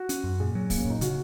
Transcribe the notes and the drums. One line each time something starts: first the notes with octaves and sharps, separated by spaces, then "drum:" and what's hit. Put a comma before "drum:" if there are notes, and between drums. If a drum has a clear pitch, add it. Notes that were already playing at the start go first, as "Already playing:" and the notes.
Already playing: F#4
C#4, drum: hi-hat
F#2
A#2 G#4
F#3
A#3, drum: kick, open hi-hat
C#4
A#2 D#4
C#3 F#4, drum: hi-hat